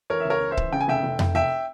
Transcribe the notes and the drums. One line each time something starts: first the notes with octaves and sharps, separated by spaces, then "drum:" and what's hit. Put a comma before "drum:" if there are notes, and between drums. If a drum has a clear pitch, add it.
E3 A#4 C#5
C#2 E5
A#4 C#5
C#2
C5 E5
E3, drum: kick C#1
C#3 G5
G#5
F1 E5 G5
F1
F1, drum: tom F2
F1 E5 G5